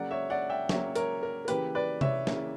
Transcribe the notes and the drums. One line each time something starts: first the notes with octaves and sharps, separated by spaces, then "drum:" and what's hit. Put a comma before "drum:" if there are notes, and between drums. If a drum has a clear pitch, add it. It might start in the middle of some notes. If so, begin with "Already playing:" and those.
Already playing: C#3 F#3 A#3 D5 F#5
C#5 E5
D5 F#5
E5 G5
C#3 F#3 A#3 C#5 E5, drum: snare
A#4 C#5, drum: hi-hat
A#4
A#4
C#3 E3 A#3 G4 B4, drum: hi-hat
B4 D5
C#5 E5, drum: tom C3
C#3 E3 A#3, drum: snare